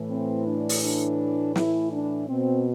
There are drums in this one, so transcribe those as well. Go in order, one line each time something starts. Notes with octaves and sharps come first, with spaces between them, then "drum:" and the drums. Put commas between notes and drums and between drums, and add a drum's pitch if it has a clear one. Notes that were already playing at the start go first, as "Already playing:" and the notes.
Already playing: A2 E3
C4
D4
drum: open hi-hat
D4
E4, drum: snare
D4
B2 C4